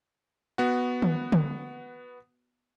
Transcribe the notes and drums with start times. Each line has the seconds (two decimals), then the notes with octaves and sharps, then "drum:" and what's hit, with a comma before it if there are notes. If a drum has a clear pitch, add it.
0.58 B3 F#4
1.02 drum: tom D#3
1.32 drum: tom D3